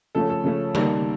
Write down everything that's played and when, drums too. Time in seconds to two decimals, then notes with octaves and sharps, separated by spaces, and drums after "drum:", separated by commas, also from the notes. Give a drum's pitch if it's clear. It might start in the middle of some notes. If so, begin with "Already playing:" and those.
0.15 C#3 F3 A3 C#4 A4
0.30 A4
0.44 C#3 F3 A3 C#4
0.75 D#3 G3 A#3 D#4, drum: tom C#3